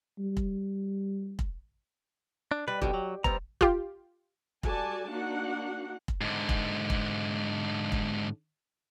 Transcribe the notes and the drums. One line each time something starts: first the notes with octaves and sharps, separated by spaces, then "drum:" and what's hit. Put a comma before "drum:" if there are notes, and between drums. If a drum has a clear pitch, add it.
G3
drum: kick
drum: kick
D4
G3 B4
B1 B2 D3 G4, drum: kick
F#3
G3 B3 C4 A#5, drum: kick
F4 G4, drum: kick
G3 F#4 A4 D5 G#5 A5, drum: kick
A#3 D4 D#4 F#4 F#5
drum: kick
G#2 D3
drum: kick
drum: kick
drum: kick